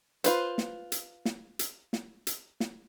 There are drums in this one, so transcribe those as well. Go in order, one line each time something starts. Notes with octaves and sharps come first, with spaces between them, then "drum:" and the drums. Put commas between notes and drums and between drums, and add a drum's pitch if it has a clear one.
F4 B4 C5, drum: hi-hat
drum: snare
drum: hi-hat
drum: snare
drum: hi-hat
drum: snare
drum: hi-hat
drum: snare